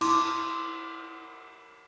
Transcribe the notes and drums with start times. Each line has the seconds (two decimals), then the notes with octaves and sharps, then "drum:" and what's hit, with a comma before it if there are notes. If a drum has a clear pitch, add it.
0.01 E4 C6 D6, drum: cymbal